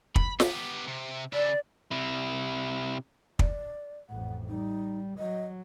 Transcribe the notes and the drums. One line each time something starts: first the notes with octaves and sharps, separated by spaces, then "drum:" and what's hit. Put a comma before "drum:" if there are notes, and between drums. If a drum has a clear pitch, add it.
B5, drum: kick
B3 G4, drum: snare
C3
C#3 D5 E5
C3 E4
D5, drum: kick
A1 F2 F#5
G3 D#4
F#3 D#5